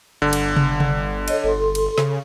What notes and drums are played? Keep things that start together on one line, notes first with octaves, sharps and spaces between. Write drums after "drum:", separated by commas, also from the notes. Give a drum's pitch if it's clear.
G1 D3
drum: cymbal
drum: tom C3
drum: tom C3
A4 C#5 D#5, drum: cymbal
G1 A4 C6
drum: cymbal
C#3, drum: snare